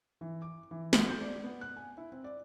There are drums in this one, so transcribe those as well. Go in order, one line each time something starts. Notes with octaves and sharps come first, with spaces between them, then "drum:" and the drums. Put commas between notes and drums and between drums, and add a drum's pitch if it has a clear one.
E3
D6
E3
drum: snare
G6
D5
B3
F#6
G#5
E4
C4
D5